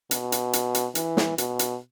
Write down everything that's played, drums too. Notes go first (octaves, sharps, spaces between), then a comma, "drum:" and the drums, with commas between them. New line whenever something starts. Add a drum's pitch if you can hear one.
B2, drum: hi-hat
drum: hi-hat
drum: hi-hat
drum: hi-hat
E3, drum: hi-hat
drum: snare
B2, drum: hi-hat
drum: hi-hat